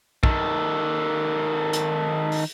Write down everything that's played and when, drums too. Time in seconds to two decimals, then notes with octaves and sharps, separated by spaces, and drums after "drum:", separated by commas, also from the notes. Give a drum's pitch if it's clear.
0.23 D#3 A4, drum: kick
1.73 drum: hi-hat
2.32 drum: open hi-hat